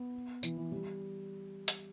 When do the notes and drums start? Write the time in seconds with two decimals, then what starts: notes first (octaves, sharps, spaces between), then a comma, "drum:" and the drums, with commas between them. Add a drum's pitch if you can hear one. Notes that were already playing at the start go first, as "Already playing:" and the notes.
Already playing: B3
0.43 E3, drum: tambourine
0.57 E3
0.72 G3
1.68 drum: hi-hat